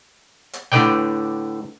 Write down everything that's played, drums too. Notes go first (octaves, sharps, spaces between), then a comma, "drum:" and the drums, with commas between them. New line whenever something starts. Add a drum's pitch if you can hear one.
drum: hi-hat
A2 D3 B4 D5 G5, drum: snare